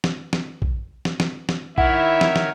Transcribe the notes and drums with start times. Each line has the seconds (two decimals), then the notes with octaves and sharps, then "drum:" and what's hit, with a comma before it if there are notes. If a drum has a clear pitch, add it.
0.04 drum: snare
0.33 drum: snare
0.62 drum: kick A#1
1.05 drum: snare
1.20 drum: snare
1.49 drum: snare
1.78 D#3 E4 A#4 C#5 E5 F#5, drum: kick A#1
2.21 drum: snare
2.36 drum: snare